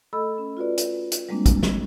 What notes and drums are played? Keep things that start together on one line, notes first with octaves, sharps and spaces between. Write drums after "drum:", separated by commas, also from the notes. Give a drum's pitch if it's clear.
A3 A4 D#5 B5 E6
C#4
F4 F#4 B4 D5
drum: hi-hat
drum: hi-hat
G3 G#3 A#3 C4 D4
drum: kick, hi-hat
drum: snare